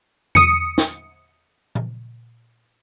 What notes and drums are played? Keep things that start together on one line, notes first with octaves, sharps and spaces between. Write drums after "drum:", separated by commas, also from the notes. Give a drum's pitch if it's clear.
D#6 C#7, drum: tom E2
drum: snare
drum: tom A#2